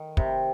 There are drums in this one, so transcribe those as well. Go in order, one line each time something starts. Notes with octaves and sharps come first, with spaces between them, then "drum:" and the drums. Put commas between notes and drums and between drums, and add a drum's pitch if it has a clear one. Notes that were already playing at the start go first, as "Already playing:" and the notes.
Already playing: D#3
C3, drum: kick